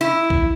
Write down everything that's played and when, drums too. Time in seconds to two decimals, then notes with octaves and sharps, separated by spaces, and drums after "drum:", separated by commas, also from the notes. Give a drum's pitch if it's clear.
0.01 E4
0.30 drum: kick